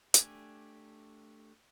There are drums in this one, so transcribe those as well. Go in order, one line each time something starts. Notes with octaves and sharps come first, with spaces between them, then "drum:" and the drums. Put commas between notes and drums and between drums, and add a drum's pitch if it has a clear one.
A3 D4 G4 G#5, drum: hi-hat